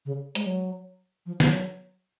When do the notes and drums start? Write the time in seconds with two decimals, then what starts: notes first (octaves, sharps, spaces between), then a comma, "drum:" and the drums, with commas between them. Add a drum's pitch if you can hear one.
0.05 C#3
0.35 G#3, drum: hi-hat
0.46 F#3
1.26 F3
1.40 F3, drum: snare
1.47 F#3